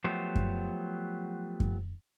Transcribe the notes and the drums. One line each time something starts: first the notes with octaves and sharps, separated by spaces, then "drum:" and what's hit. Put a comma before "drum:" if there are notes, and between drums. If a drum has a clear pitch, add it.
F3 F#3 A3 B3 G4 C5
drum: kick F#2
drum: kick F#2